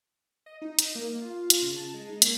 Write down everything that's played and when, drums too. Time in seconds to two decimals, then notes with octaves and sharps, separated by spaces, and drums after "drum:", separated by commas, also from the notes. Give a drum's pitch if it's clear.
0.46 D#5
0.62 D#4
0.79 drum: hi-hat
0.95 A#3
1.21 F4
1.50 drum: hi-hat
1.62 C#3
1.76 A5
1.94 G#3
2.09 D#4
2.22 A#3, drum: hi-hat